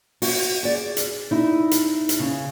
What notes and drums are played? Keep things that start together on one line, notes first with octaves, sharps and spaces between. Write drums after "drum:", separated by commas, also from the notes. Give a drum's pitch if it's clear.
F#4, drum: open hi-hat
G#4 D5
drum: hi-hat
D#4 E4
drum: hi-hat
drum: hi-hat
C#3